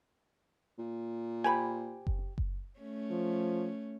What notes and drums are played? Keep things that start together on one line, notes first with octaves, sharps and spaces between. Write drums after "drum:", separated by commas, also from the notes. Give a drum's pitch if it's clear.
A#2
G4 C5 G#5 B5
drum: kick F#1
drum: kick F#1
A3 C#4
F3